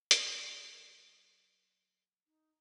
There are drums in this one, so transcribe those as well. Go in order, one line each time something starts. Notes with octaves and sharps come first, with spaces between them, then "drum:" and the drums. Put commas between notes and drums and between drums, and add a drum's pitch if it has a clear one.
F#3 A#3, drum: hi-hat
D#4